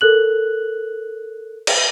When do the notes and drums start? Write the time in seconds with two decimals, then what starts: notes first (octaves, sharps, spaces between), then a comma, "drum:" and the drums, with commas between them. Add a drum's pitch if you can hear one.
0.01 A4 A#4 F#6 F#7
1.67 drum: cymbal